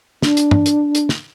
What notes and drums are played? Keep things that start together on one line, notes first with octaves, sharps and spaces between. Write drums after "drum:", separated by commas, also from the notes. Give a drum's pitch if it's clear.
D4, drum: snare
drum: hi-hat
drum: tom
drum: hi-hat
drum: hi-hat
drum: snare